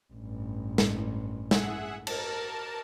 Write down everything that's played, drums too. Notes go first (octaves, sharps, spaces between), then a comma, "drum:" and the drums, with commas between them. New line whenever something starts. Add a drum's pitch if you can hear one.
A1 G2
drum: snare
G#4 E5 F#5, drum: snare
A#4 A5, drum: cymbal